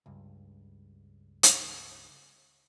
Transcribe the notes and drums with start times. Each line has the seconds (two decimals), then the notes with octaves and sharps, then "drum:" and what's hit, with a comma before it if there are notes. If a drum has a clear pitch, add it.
0.06 C#2 G2
1.43 drum: hi-hat